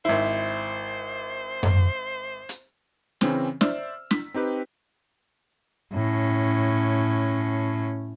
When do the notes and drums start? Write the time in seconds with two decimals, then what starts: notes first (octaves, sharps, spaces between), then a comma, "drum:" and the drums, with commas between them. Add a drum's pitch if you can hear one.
0.05 G#1 E4 C5
1.63 drum: tom F#2
2.49 drum: hi-hat
3.21 C#3 E3 C4 C#4, drum: snare
3.61 C5 D5 E5 E6 F6, drum: snare
4.11 B6, drum: snare
4.34 C4 D#4 G4 B4
5.93 A2 C#4